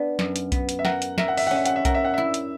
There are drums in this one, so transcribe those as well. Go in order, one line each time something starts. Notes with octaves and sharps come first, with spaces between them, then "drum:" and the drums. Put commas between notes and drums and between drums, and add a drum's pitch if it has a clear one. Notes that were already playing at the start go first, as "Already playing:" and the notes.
Already playing: B3 D4
F#2, drum: snare
drum: hi-hat
B3, drum: kick B1, hi-hat
drum: hi-hat
E5
A#4 F#5, drum: snare
drum: hi-hat
A#4 E5, drum: snare
F#5
E5, drum: open hi-hat
C#4 F#5
E5
F#5, drum: hi-hat
E5
A#4 F#5, drum: kick B1, hi-hat
E5
F#5
E4 E5
drum: hi-hat